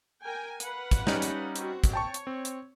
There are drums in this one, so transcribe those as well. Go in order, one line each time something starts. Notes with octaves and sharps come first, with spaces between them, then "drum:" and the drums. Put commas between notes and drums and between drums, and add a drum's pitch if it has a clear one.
A#4 G5 G#5
B4 F5 F#5, drum: hi-hat
drum: kick, hi-hat
G3 C#4 D#4, drum: snare
drum: hi-hat
C4 F#4, drum: hi-hat
drum: kick, hi-hat
C#5 G5 A5 C#6
drum: hi-hat
C4
drum: hi-hat